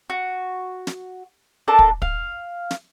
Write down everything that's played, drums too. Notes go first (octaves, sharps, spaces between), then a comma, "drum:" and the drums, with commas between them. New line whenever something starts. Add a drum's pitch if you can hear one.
F#4
drum: snare
D4 A4 A#4 A5
drum: kick
F5, drum: kick
drum: snare